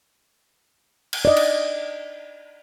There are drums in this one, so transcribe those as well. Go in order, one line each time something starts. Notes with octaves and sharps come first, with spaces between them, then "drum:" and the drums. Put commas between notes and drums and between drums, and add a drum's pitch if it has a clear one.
drum: cymbal
D5 D#5
drum: cymbal